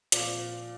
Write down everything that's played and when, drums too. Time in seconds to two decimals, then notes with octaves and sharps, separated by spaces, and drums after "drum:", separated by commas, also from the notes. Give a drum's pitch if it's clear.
0.12 A#2 F3 C4 D5, drum: hi-hat